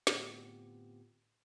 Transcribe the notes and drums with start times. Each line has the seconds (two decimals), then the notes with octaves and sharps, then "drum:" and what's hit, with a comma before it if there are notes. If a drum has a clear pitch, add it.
0.07 A2 D3 B3 C4 F4 G4, drum: snare